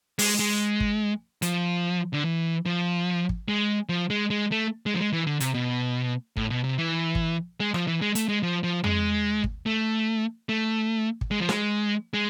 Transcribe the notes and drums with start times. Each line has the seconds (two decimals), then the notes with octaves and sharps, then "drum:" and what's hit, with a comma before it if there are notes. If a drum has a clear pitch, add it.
0.19 G#3, drum: open hi-hat
0.39 G#3
0.80 drum: kick
1.42 F3, drum: hi-hat
2.14 D3
2.25 E3
2.66 F3
3.29 drum: kick
3.48 G#3
3.89 F3
4.10 G#3
4.30 G#3
4.52 A3
4.86 G#3
4.95 F3
4.99 G#3
5.13 E3
5.27 D3
5.40 C3, drum: hi-hat
5.54 B2
6.37 A2, drum: kick
6.50 B2
6.64 C3
6.78 E3
7.15 drum: kick
7.60 G#3
7.74 F3, drum: rim click
7.88 E3
8.02 G#3
8.15 A3, drum: hi-hat
8.29 G#3
8.43 F3
8.63 F3
8.84 G#3, drum: tom
9.44 drum: kick
9.66 A3
10.49 A3
11.21 drum: kick
11.31 G#3
11.40 F3
11.49 G#3, drum: snare
12.14 G#3